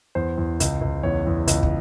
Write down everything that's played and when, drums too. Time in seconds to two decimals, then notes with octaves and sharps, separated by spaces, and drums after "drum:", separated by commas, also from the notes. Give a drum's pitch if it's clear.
0.15 E2 C5
0.38 E2
0.60 C#2, drum: hi-hat
0.82 C#2
1.03 E2 C#5
1.27 E2
1.48 C#2, drum: hi-hat
1.63 drum: kick